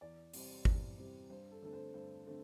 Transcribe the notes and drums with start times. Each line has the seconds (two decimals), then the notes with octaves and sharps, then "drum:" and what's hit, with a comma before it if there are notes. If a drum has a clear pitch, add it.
0.01 E2 D5
0.33 C3 G3 C4, drum: open hi-hat
0.65 E2, drum: kick
0.98 C3 G3 C4
1.30 G2 C5
1.51 A4
1.62 D3 A3 C4 A4
1.73 C5
1.94 G2 C5
2.26 D3 A3 C4